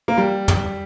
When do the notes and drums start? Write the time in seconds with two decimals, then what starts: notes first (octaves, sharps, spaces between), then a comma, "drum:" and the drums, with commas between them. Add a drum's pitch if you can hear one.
0.08 A#3
0.18 G3
0.48 drum: tom